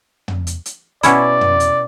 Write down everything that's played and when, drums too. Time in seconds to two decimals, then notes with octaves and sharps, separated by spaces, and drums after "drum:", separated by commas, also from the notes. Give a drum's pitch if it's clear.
0.28 drum: tom
0.47 drum: hi-hat
0.66 drum: hi-hat
1.03 B2 C#4 E4 D5, drum: hi-hat
1.41 drum: tom
1.60 drum: hi-hat